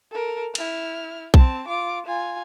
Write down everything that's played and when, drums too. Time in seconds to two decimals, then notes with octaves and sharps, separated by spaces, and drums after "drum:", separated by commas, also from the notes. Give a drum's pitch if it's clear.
0.11 A4 A#4
0.55 E4 F6, drum: cymbal
1.34 C4 A5, drum: kick B1
1.67 F4 D6
2.06 F4 G#5